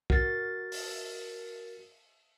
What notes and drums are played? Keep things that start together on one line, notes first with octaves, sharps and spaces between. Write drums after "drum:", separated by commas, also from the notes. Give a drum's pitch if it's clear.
F#4 A#4 A6, drum: kick
drum: open hi-hat